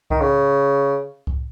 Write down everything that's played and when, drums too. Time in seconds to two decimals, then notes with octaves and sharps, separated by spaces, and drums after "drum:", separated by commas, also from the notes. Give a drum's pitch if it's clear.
0.10 D#3, drum: kick C2
0.21 C#3
1.27 drum: kick C2